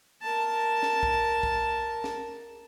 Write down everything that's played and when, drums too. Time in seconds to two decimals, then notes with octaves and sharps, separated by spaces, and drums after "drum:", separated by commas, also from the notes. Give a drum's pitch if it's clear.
0.22 A#4 A5
0.83 drum: snare
1.03 drum: kick
1.43 drum: kick
2.04 drum: snare